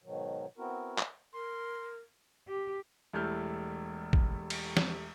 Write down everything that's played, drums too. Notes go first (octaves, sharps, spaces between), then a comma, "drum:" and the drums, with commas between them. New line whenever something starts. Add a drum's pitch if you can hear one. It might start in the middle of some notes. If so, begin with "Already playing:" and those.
G#2 B2 D#3 F#3
B3 C4 E4 F#4 A#4
drum: clap
A#4 C6
G4
E1 G3 A3 E4 F6 G6
drum: kick A1
drum: cymbal
drum: snare